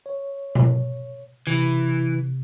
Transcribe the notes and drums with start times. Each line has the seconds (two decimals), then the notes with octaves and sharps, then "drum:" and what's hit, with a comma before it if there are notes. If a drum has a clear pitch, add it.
0.06 C#5
0.55 drum: tom B2
1.47 C3 E3